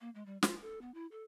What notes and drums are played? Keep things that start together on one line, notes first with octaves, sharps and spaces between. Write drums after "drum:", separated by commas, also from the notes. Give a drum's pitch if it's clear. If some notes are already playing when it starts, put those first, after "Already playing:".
A#3
G#3
G3
F4, drum: snare
A4
B3
E4
A4